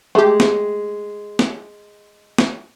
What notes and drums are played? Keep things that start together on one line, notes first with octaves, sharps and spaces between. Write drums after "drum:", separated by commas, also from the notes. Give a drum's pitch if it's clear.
G#3 A3 G4
drum: snare
drum: snare
drum: snare